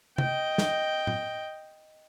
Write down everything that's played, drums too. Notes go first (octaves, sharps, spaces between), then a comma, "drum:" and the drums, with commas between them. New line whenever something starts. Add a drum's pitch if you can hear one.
D#5 G5, drum: tom C3
drum: snare
drum: tom A2